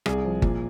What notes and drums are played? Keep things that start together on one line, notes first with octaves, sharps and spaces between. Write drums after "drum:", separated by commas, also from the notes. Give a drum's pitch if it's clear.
C2 G#4, drum: rim click
F3
A#2, drum: kick G1